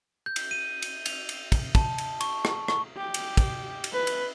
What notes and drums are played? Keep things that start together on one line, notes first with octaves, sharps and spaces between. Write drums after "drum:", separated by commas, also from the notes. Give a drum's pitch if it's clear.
G6
drum: cymbal
D#7
drum: cymbal
F7, drum: cymbal
drum: cymbal
drum: kick, cymbal
A5, drum: kick, cymbal
drum: cymbal
C#6, drum: cymbal
drum: rim click
C#6, drum: rim click
G4
drum: cymbal
drum: kick, cymbal
drum: cymbal
B4
drum: cymbal